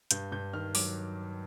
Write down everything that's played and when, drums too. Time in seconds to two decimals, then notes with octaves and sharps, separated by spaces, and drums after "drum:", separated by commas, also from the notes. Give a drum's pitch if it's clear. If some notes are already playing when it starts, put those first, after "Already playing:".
0.11 G2 G6, drum: hi-hat
0.32 G2 G6
0.53 D#3 F6
0.75 F#3 D6, drum: open hi-hat